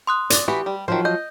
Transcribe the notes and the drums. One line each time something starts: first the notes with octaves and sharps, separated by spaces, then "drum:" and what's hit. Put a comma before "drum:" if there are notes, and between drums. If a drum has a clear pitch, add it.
C6 D#6 F#6
D5, drum: hi-hat
E3 F#4 G4 B4
G3
D#3 F3 F#3 C5
D#5 G6